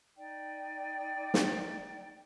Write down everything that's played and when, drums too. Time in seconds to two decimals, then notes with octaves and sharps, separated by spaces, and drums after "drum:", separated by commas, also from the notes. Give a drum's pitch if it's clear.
0.17 D#4 D5 G5
1.34 drum: snare